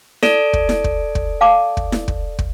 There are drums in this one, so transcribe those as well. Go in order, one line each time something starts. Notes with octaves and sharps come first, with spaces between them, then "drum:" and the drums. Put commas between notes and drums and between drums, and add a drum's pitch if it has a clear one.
A4 D5 D7, drum: snare E4
drum: kick
drum: snare E4
drum: kick
drum: kick
F5 A5 D6
drum: kick
drum: snare E4
drum: kick
drum: kick